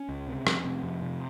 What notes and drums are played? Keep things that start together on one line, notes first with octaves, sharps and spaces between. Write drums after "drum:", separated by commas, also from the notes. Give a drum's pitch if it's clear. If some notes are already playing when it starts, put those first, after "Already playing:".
Already playing: C#4
C#2
C3
F2, drum: rim click
C3
F2
C3